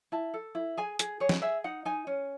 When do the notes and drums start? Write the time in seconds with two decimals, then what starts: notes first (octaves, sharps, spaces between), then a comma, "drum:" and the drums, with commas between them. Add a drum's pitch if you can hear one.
0.12 E4 A5
0.34 A4
0.55 E4
0.77 G#4 G#5
0.99 G#4, drum: hi-hat
1.20 G#4 C#5
1.29 drum: snare
1.42 G#4 E5
1.64 D#4 F#5
1.85 D#4 G#5
2.07 C#4